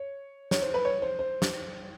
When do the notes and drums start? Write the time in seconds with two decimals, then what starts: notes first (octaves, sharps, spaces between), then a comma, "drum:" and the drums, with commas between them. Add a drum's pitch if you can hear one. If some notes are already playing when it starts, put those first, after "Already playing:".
Already playing: C#5
0.51 C#5, drum: snare
0.62 C5
0.74 B4
0.85 C#5
1.02 C5
1.19 C5
1.42 drum: snare